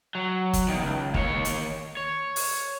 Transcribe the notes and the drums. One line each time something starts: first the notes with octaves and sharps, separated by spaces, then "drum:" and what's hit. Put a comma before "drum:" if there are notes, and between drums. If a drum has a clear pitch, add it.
F#3
drum: kick F#1, hi-hat
E2 D#3
C#2
D#2 C#5, drum: kick F#1
drum: hi-hat
C#5
drum: open hi-hat